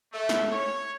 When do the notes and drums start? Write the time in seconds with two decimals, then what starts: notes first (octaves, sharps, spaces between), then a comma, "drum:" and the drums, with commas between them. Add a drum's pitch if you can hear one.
0.12 A3
0.29 drum: snare
0.51 C#5